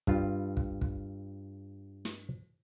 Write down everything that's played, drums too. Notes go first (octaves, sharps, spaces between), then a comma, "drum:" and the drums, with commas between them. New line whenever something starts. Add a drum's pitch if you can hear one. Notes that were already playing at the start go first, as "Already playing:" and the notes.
G2 F4, drum: kick
drum: kick
drum: kick
drum: snare